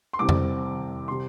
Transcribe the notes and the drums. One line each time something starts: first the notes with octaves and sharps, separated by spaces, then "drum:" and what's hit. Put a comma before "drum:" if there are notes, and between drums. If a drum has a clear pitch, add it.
C6
C2 C3 G3 C4 D6
drum: tom F2
C3 G3 C6